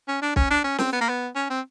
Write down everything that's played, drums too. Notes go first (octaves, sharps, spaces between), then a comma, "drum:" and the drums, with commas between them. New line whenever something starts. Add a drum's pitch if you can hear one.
C#4
D4
C#4, drum: kick B1
D4
C#4
C4, drum: snare
B3
A#3
B3
C#4
C4